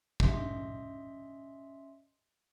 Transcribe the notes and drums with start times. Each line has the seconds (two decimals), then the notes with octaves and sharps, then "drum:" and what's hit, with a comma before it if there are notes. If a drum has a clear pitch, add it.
0.20 C#4 D#5 E5 C6, drum: kick